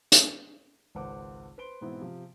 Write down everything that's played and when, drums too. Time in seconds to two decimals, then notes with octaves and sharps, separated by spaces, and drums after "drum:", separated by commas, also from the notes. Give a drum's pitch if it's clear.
0.12 drum: hi-hat
0.95 G#1 C#2 B4 C5 F#5 D6
1.58 B4 C5 C6 D7 G7
1.81 G#2 B2 E3 B3 C4 E4
2.01 C3 F3